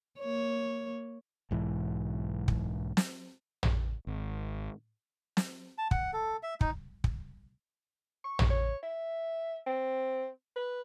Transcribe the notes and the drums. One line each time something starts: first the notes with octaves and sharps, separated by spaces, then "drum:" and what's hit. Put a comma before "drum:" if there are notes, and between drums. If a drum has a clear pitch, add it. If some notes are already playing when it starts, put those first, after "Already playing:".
A#3 C#5
B1 G#2 E3
drum: kick
drum: snare
drum: tom
G#1
drum: snare
A5
F#5, drum: kick
A4
E5
D#4, drum: kick
drum: kick
C#6
drum: tom
C#5
E5
C4
B4